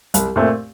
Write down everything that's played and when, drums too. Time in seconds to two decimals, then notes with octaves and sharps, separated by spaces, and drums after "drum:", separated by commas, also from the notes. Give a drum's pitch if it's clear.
0.14 C2, drum: hi-hat
0.36 A#2 A3 C4